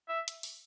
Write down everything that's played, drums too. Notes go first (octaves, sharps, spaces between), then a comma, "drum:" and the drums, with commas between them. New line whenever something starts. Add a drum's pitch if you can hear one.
E5
drum: hi-hat
drum: open hi-hat